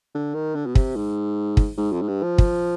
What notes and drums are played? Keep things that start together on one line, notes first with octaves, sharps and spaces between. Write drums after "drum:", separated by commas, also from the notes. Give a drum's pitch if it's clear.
D3
D#3
D3
B2
C3, drum: kick
G#2
drum: kick
G#2
F2
G#2
G2
F3
drum: kick